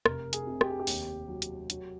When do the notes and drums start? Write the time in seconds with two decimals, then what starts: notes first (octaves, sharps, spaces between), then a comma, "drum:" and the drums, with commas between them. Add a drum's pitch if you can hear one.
0.06 F1 A#4, drum: rim click
0.33 G#4, drum: hi-hat
0.47 C3
0.61 G4, drum: rim click
0.70 G#4
0.80 G4
0.87 D#2, drum: open hi-hat
1.28 F#3
1.42 drum: hi-hat
1.70 F#3, drum: hi-hat